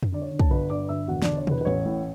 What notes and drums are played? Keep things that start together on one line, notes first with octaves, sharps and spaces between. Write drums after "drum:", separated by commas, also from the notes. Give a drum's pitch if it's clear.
drum: tom F2
D3 D5
C#5
D3
A5, drum: kick
G1 B4 B5
G2 D5 D6
G1 E5 E6
E1 F#4 F#5
D4 D5, drum: snare
D3
C#5
E2 B4, drum: tom B2
B4
A1 C#5
A2